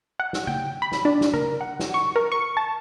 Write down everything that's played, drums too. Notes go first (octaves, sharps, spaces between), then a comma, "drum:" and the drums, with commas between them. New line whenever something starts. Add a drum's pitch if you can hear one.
F#5
drum: snare
G5, drum: tom C#3
B5
drum: snare
D4
drum: snare
A#4, drum: tom C#3
F#5
drum: snare
C#6
A#4
C#6
A5